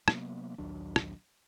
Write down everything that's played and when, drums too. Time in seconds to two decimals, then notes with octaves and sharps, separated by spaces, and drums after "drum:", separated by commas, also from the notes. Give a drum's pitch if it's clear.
0.08 C3 F#3 A#3 B3, drum: rim click
0.58 A#1 D#2 F#3 D4
0.96 drum: rim click